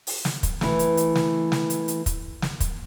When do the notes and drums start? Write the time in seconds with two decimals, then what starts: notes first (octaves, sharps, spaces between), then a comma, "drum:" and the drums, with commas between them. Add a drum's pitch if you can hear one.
0.07 drum: open hi-hat
0.25 drum: snare
0.43 drum: kick, hi-hat
0.61 E3 A3, drum: snare
0.79 drum: hi-hat
0.97 drum: hi-hat
1.15 drum: snare
1.52 drum: snare
1.70 drum: hi-hat
1.88 drum: hi-hat
2.06 drum: kick, hi-hat
2.42 drum: snare
2.60 drum: kick, hi-hat